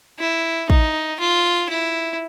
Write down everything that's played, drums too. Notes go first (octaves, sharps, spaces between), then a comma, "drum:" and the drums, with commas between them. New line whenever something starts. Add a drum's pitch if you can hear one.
E4
D#4, drum: kick
F4
E4